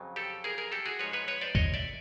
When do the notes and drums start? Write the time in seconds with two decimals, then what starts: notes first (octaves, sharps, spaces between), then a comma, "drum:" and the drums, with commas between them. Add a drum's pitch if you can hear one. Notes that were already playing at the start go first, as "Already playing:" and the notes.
Already playing: F2 C#3 F#3
0.16 G4 A4
0.44 G#4 A#4
0.58 G#4 A#4
0.72 G4 A4
0.86 F#4 G#4
0.99 G#2 F3 G#3 B4 C#5
1.13 B4 C#5
1.28 B4 C#5
1.41 C5 D5
1.55 C#5 D#5, drum: kick
1.74 D5 E5